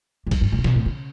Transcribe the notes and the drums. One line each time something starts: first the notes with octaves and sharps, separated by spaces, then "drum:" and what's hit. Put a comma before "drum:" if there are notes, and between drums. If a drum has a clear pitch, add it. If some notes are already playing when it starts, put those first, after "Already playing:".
G2
F#2, drum: kick, cymbal
G2
A2
C#3
B2, drum: snare
A2
C#3